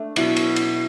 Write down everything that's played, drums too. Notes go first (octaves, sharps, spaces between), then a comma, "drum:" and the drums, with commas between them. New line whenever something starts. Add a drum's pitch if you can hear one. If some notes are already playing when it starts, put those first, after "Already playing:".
Already playing: A3 D4
B2 F#3 B3 E4 D5 F#5, drum: cymbal
drum: cymbal
drum: cymbal